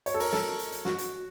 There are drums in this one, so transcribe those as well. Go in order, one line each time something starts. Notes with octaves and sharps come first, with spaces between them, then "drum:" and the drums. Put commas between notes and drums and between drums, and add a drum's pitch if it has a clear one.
C#5, drum: hi-hat
A4
A#4, drum: open hi-hat
A4, drum: snare
drum: hi-hat
drum: hi-hat
F#4, drum: snare
drum: hi-hat